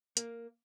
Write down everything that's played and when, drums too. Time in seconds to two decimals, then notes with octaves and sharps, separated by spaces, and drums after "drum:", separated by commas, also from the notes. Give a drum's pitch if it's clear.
0.17 A#3, drum: hi-hat